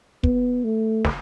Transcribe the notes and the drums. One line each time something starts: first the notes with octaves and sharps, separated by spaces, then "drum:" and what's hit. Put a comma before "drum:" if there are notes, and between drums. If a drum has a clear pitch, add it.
B3, drum: kick
A3
drum: snare